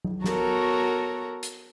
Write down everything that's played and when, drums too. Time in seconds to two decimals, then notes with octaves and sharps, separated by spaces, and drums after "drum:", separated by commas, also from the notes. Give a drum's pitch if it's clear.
0.05 drum: tom F#3
0.24 B3 F#4 A4 A#4 C#5 A#5, drum: snare
1.43 drum: hi-hat